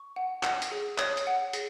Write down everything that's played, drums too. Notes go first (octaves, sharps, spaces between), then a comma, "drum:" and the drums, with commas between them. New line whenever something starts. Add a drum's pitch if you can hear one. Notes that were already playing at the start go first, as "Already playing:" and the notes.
Already playing: C#6
F#5
F#5, drum: clap
drum: hi-hat
G#4
C#5 D#6, drum: clap
drum: hi-hat
F#5
G#4, drum: hi-hat